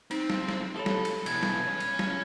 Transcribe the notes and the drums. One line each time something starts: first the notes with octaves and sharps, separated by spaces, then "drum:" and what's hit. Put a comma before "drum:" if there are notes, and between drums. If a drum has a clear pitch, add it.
C4 D#4, drum: cymbal
drum: snare
drum: snare
G4 A4 C#5 B5 E7 G7
drum: snare
drum: cymbal
B2 E3 G#6, drum: cymbal
drum: snare
C#4
drum: cymbal
drum: snare